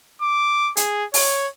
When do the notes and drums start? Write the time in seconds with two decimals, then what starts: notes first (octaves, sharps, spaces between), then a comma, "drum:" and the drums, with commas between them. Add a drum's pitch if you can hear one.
0.22 D6
0.77 G#4, drum: hi-hat
1.14 C#5, drum: open hi-hat